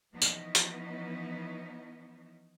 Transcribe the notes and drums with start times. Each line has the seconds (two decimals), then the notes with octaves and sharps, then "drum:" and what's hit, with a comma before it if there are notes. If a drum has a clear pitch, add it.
0.11 E3 F3 B3 C#4 D#4 E4
0.22 drum: tambourine
0.55 drum: hi-hat